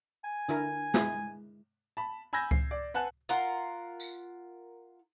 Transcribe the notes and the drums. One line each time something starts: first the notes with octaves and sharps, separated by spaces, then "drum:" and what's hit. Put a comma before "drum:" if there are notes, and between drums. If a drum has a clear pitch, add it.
G#5
D3 E4 A#4, drum: hi-hat
G#3 E4 G#4, drum: snare
A5 B5
G#5 B5 E6 G6 G#6 A#6
C7, drum: kick C#2
D5
B4 F#5 G#5 A5 F#6
F4 A#4 F#5
drum: tambourine